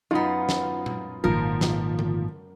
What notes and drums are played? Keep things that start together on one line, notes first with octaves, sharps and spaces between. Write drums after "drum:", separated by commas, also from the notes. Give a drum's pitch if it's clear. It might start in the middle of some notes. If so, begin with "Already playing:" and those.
F#2 B3 D#4 F4
drum: snare
drum: tom A#2
G#1 A#2 D#3 F3 A#4
drum: snare
drum: tom D3